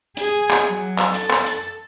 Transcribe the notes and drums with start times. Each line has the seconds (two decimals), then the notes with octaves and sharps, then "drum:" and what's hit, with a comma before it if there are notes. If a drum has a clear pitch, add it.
0.17 G#4, drum: hi-hat
0.50 drum: clap
0.68 F#3
0.98 drum: clap
1.14 A4, drum: hi-hat
1.30 drum: clap
1.46 drum: hi-hat